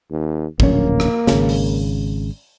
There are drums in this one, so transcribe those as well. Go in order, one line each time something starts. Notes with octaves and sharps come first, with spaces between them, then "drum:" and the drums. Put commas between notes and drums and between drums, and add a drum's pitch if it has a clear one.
D#2
D1 A#1 A#3 C#4, drum: kick
drum: rim click
G#1 C#3, drum: snare
drum: open hi-hat